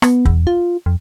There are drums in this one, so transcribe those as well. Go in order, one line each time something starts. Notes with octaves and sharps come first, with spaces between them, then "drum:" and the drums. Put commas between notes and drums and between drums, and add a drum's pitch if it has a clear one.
B3, drum: rim click
E2, drum: kick
F4
F2